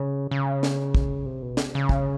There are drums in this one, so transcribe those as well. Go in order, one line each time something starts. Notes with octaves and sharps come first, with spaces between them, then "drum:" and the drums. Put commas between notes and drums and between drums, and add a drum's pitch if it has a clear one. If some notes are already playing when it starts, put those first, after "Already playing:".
Already playing: C#3
C#3
drum: snare
drum: kick
C3
B2
C#3, drum: snare
C3
C#3
drum: kick